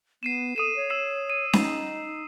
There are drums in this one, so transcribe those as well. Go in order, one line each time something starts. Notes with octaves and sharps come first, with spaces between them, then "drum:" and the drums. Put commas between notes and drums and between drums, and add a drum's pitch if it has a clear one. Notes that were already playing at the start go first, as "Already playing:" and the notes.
B3 C7 D#7 E7
A4 D#6 D#7 E7
C#5
E6 C7 E7
D#7
D#4 C7, drum: snare C#4